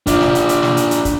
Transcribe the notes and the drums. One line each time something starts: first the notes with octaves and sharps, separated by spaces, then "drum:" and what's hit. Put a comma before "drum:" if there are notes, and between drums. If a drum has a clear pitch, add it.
D4 F4, drum: kick, hi-hat
drum: snare
drum: hi-hat
drum: hi-hat
drum: snare
drum: hi-hat
drum: hi-hat
drum: kick, hi-hat